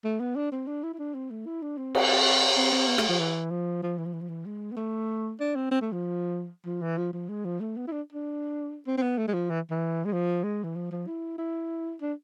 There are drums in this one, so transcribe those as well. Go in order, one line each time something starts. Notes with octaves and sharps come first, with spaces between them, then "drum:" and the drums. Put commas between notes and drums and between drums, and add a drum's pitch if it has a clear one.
A3
B3
D4
C4
D4
E4
E4
D4
C4
A3
E4
D4
C4
drum: cymbal
C4
C4
B3
A3, drum: rim click
F3
E3
F3
F3
E3
F3
E3
F3
E3
G#3
B3
A3
D4
C4
C4
A3
F3
F3
E3
F3
F3
G#3
F3
A3
B3
E4
D4
D4
C4
C4
B3
A3
G#3
F3
E3
E3
G#3
F3
G#3
E3
F3
F3
E4
E4
D4